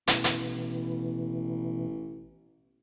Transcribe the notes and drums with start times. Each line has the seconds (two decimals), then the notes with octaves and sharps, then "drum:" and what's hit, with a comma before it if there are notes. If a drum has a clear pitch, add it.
0.07 A1 B2 E3 B3, drum: hi-hat
0.24 drum: hi-hat